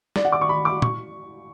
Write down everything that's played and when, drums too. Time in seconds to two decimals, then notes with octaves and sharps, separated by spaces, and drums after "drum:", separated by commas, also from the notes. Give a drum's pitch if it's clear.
0.16 D5, drum: snare
0.25 F#5
0.32 D6
0.41 C#6
0.49 B5
0.65 D6
0.82 C#6, drum: tom